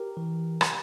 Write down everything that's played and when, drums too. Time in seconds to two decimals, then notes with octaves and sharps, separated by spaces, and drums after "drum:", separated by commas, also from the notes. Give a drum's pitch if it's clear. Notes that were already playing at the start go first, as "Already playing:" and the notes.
Already playing: G4 A#4
0.17 E3
0.61 drum: rim click